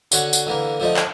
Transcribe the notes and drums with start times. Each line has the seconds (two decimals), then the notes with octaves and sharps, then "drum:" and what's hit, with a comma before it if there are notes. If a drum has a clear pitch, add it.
0.12 D3 F#4 C#5 F#5 C#6, drum: tambourine
0.33 drum: tambourine
0.47 D3 E3 A#3
0.80 D3 F3 A3 D#4
0.96 drum: clap